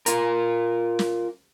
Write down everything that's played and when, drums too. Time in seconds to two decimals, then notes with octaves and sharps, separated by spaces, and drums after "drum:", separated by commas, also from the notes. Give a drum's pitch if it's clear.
0.06 F4 A#4, drum: hi-hat
0.99 drum: snare